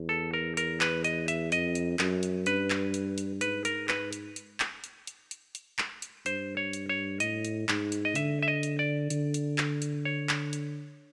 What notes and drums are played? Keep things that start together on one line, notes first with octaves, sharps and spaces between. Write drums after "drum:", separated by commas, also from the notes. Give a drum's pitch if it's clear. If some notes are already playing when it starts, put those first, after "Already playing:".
Already playing: E2
A4
A#4
A#4, drum: hi-hat
B4, drum: clap
D#5, drum: hi-hat
E5, drum: hi-hat
F2 D#5, drum: hi-hat
drum: hi-hat
F#2, drum: clap
drum: hi-hat
G2 B4, drum: hi-hat
drum: clap
drum: hi-hat
drum: hi-hat
G#2 B4, drum: hi-hat
A#4, drum: hi-hat
B4, drum: clap
drum: hi-hat
drum: hi-hat
drum: clap
drum: hi-hat
drum: hi-hat
drum: hi-hat
drum: hi-hat
drum: clap
drum: hi-hat
G2 C5, drum: hi-hat
C#5
drum: hi-hat
C#5
A2 D#5, drum: hi-hat
drum: hi-hat
G#2, drum: clap
drum: hi-hat
D#5
D3 E5, drum: hi-hat
E5
D#5
drum: hi-hat
D5
D3, drum: hi-hat
drum: hi-hat
drum: clap
drum: hi-hat
C#5
drum: clap
drum: hi-hat